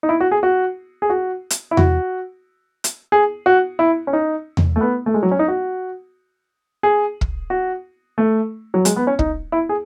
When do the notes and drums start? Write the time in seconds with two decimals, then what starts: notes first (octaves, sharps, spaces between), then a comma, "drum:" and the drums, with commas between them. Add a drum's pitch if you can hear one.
0.03 D#4
0.09 E4
0.20 F#4
0.31 G#4
0.43 F#4
1.02 G#4
1.10 F#4
1.50 drum: hi-hat
1.71 E4
1.77 F#4, drum: tom E2
2.84 drum: hi-hat
3.12 G#4
3.46 F#4
3.79 E4
4.07 C#4
4.13 D#4
4.57 drum: tom E2
4.76 A3
4.81 B3
5.06 A3
5.14 G#3
5.23 F#3
5.31 C#4
5.39 D#4
5.48 F#4
6.83 G#4
7.21 drum: kick
7.50 F#4
8.18 A3
8.74 F#3
8.85 G#3, drum: hi-hat
8.96 B3
9.07 C#4
9.19 D#4, drum: kick
9.52 E4
9.69 G#4